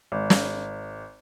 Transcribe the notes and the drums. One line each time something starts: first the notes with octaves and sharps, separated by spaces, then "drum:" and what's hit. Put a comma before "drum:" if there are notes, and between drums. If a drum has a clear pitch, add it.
G#1
drum: snare